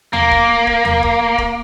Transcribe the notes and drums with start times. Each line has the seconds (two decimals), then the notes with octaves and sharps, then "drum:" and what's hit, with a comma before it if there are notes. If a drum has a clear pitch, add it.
0.13 A#3, drum: tom D#2
0.31 drum: kick
0.67 drum: kick
0.85 drum: tom D#2
1.03 drum: kick
1.38 drum: kick